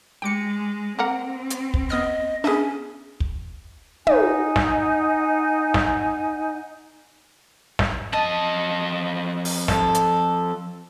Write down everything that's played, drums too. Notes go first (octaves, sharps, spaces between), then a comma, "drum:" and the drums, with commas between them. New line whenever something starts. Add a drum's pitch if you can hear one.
G#3 G5 D6 C#7
A#3 C4 A#4 F#5
drum: hi-hat
drum: kick
B3 D#5 D#6 F6
B3 C#4 D4 G#4 E5
drum: kick
D#4 D#5 F#5 G#5, drum: tom
drum: snare
drum: snare
drum: snare
F2 D#5 A5
drum: open hi-hat
A4, drum: snare
drum: hi-hat